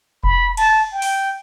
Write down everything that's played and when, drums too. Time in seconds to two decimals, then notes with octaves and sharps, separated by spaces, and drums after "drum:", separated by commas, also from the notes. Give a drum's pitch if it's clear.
0.24 B5, drum: kick F1
0.57 A5, drum: cymbal
0.92 G5
1.02 drum: open hi-hat